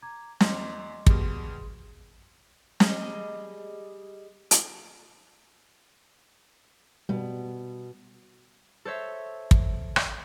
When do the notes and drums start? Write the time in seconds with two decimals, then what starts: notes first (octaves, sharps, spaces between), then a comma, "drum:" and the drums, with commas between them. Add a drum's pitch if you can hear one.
0.02 A#5 D6 G#6
0.40 E2 D#5 C6 D6, drum: snare
1.07 B2 G3 G#4 C6, drum: kick
2.80 G3 G#4 D#5, drum: snare
4.51 drum: hi-hat
7.09 B2 G3
8.85 A4 C5 C#5 E5
9.51 drum: kick
9.96 drum: rim click